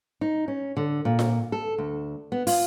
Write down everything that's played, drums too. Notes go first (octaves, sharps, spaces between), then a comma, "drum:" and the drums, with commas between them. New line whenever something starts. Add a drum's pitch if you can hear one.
D#4
C#4
D3
A#2
drum: snare F4
A4
D2
B3
F4, drum: open hi-hat